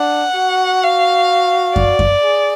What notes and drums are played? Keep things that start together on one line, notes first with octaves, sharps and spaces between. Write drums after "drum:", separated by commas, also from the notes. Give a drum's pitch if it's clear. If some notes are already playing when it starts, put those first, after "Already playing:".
Already playing: D4 F#5
F#4
F5
D5, drum: kick F#2
drum: kick F#2
G#4